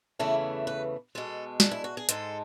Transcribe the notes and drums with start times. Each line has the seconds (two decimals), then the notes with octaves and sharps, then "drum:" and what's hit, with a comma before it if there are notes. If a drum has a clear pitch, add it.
0.19 E2 C#3 E3 A3 E4
0.67 B4
1.15 B2 G#3 A4
1.60 D4, drum: snare
1.71 E4
1.84 F#4
1.97 G#4
2.09 G#2 G#3 A4, drum: hi-hat